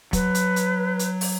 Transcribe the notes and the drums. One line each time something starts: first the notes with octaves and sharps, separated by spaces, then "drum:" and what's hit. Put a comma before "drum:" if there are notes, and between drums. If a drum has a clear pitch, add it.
F#3 B4, drum: kick, hi-hat
drum: hi-hat
drum: hi-hat
drum: hi-hat
drum: open hi-hat